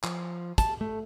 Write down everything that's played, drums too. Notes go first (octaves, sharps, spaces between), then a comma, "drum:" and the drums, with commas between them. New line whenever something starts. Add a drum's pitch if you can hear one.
F3, drum: clap
A5, drum: kick, hi-hat
A3